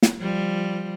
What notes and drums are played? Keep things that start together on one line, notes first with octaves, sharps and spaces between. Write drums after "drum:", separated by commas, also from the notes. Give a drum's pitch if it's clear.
drum: snare
F3 G3